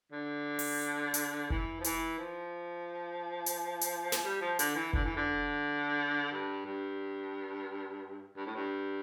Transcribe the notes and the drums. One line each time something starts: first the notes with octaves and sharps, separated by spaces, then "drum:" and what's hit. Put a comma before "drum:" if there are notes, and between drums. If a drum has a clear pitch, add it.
D3
drum: open hi-hat
drum: hi-hat
E3, drum: kick F1
F3
E3, drum: hi-hat
F3
drum: hi-hat
drum: hi-hat
drum: snare
G3
F3
D3, drum: hi-hat
E3
D3, drum: kick F1
E3
D3
G2
G2
G2
A2
G2